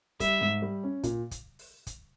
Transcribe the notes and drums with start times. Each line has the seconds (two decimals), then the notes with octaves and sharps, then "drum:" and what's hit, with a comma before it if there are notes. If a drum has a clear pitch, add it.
0.20 G3 E5, drum: kick, hi-hat
0.41 G#2
0.62 G3
0.84 C#4
1.03 A#2, drum: kick, hi-hat
1.31 drum: kick, hi-hat
1.59 drum: open hi-hat
1.87 drum: kick, hi-hat